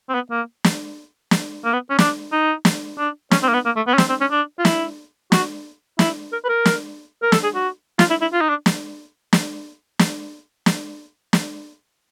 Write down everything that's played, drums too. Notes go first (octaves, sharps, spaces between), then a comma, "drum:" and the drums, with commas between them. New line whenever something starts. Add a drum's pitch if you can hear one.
C4
B3
A#3
drum: snare
drum: snare
A#3
B3
C#4
D4, drum: snare
D#4
drum: snare
D4
C#4, drum: snare
C4
A#3
B3
A#3
A3
B3
C#4
C4, drum: snare
C4
C#4
D4
F4
E4, drum: snare
F#4, drum: snare
E4, drum: snare
A#4
B4
A#4
drum: snare
A#4
A4, drum: snare
G#4
F#4
F4, drum: snare
E4
E4
F4
D#4
D4
drum: snare
drum: snare
drum: snare
drum: snare
drum: snare